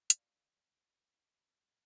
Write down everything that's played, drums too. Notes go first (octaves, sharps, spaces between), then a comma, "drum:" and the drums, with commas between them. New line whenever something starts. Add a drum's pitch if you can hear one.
D5 F5, drum: hi-hat